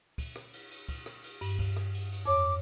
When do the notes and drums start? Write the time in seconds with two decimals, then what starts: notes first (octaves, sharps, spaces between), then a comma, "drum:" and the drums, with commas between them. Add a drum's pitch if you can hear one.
0.18 drum: kick, cymbal
0.36 drum: rim click
0.53 drum: cymbal
0.71 drum: cymbal
0.89 drum: kick, cymbal
1.06 drum: rim click
1.24 drum: cymbal
1.41 G2, drum: cymbal
1.59 drum: kick, cymbal
1.76 drum: rim click
1.94 drum: cymbal
2.12 drum: cymbal
2.26 F2 C#5 D6